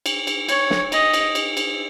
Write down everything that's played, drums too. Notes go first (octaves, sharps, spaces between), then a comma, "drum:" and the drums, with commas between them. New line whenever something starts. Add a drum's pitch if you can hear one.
drum: cymbal
drum: cymbal
C#5, drum: cymbal
drum: snare
D#5, drum: cymbal
drum: cymbal
drum: cymbal
drum: cymbal